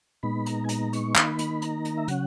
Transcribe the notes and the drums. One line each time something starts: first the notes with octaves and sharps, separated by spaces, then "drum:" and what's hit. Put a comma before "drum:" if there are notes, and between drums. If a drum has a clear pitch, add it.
A#2 G#3 B3 D#4 B5
A#5, drum: hi-hat
G#5
A#5, drum: hi-hat
C#6, drum: hi-hat
D#3 A#3 D#4 B5, drum: clap
drum: hi-hat
A#5, drum: hi-hat
drum: hi-hat
E5
C#3 F#3 C#4 F#5, drum: hi-hat